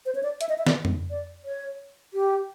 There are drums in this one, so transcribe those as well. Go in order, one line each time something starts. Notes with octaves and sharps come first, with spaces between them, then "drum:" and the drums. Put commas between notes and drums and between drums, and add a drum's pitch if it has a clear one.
C5
C#5
D5
E5, drum: hi-hat
D#5
E5
D5, drum: snare
drum: tom F2
D5
C#5
G4